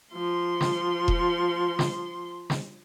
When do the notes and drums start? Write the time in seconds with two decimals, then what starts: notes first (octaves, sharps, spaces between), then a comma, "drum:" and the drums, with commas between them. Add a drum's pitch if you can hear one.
0.13 F3 C6
0.61 drum: snare
1.08 drum: kick E1
1.79 drum: snare
2.50 drum: snare